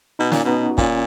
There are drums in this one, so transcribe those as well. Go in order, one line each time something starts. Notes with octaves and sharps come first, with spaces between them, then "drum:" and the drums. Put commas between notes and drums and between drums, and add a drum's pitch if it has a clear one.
B2 D#4
A#2 C#4, drum: snare
B2 B3 D#4
F#4
A#2 C#4 F4, drum: kick